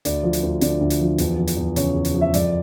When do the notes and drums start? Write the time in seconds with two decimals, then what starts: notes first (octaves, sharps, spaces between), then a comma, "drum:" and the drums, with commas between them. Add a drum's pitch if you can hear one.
0.05 D2 D5, drum: hi-hat
0.23 F3
0.33 drum: hi-hat
0.43 D2
0.61 D3 D5, drum: hi-hat
0.81 D2
0.90 drum: hi-hat
1.00 F3
1.18 E2, drum: hi-hat
1.37 F3
1.47 drum: hi-hat
1.57 E2
1.76 C#3 C#5, drum: hi-hat
1.95 E2
2.05 drum: hi-hat
2.14 F3
2.21 E5
2.34 F2 D5, drum: hi-hat